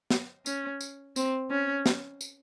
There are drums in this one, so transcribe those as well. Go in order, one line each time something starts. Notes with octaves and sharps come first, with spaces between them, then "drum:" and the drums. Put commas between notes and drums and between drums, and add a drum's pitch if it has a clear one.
drum: snare
C#4, drum: tambourine
drum: tambourine
C4, drum: tambourine
C#4
drum: snare
drum: tambourine